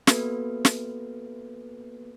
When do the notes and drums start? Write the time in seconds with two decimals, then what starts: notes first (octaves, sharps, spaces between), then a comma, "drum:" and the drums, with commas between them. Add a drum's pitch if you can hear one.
0.07 A#3 B3 F#4 A4 B4, drum: snare
0.65 drum: snare